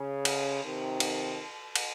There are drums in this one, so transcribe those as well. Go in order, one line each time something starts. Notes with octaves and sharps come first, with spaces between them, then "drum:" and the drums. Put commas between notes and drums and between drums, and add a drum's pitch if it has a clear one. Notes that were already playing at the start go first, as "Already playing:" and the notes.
Already playing: C#3
drum: cymbal
C3 D#3
drum: cymbal
drum: cymbal